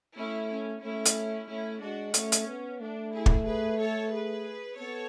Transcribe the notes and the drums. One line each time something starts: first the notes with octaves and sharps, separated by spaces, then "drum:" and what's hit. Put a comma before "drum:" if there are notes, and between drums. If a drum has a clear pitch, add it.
A3 C#4 E4
C#4
A3 C#4 E4
drum: hi-hat
A3 C#4 E4
G#3 D4 F#4
A3 C#4, drum: hi-hat
drum: hi-hat
B3
A3 D4
E4 G#4
drum: kick
G#4 B4
A4 C#5
G#4 B4
B3 A4 C#5